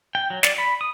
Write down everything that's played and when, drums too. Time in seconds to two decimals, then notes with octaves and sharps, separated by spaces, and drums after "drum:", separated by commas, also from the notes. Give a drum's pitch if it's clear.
0.15 G5
0.30 F#3
0.43 D5, drum: snare
0.58 B5
0.81 D#6